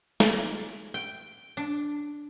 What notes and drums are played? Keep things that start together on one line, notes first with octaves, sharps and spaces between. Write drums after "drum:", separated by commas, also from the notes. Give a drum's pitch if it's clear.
D5, drum: snare
G5
D4